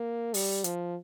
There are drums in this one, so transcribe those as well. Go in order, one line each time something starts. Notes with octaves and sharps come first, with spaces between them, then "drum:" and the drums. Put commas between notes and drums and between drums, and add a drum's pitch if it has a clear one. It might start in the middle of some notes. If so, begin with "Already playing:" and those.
Already playing: A#3
G3, drum: open hi-hat
F3, drum: hi-hat